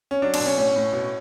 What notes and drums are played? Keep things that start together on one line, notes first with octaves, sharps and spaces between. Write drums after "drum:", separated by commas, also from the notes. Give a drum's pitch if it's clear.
C#4
F#3 D4
D4, drum: cymbal
B2
C#4
A2 C#4
A2
B2